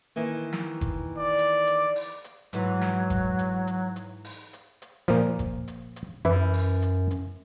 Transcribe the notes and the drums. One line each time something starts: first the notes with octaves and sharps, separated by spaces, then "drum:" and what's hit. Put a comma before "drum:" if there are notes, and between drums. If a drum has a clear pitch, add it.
D#3 E3 A#3
drum: snare
drum: kick F#1, hi-hat
D5
drum: hi-hat
drum: hi-hat
drum: open hi-hat
drum: hi-hat
G#2 E3 F#3, drum: hi-hat
drum: snare
drum: kick F#1, hi-hat
drum: hi-hat
drum: hi-hat
drum: hi-hat
drum: open hi-hat
drum: hi-hat
drum: hi-hat
A#2 F3, drum: snare
drum: kick F#1, hi-hat
drum: hi-hat
drum: hi-hat
F#2 E3 E4, drum: hi-hat
drum: open hi-hat
drum: hi-hat
drum: hi-hat